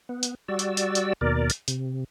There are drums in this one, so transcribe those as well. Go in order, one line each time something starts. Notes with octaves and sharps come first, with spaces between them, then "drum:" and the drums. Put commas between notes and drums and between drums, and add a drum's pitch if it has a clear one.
B3
drum: hi-hat
G3 F#4 D5 E6
drum: hi-hat
drum: hi-hat
drum: hi-hat
D#2 B2 A#4 D5
drum: hi-hat
C3, drum: hi-hat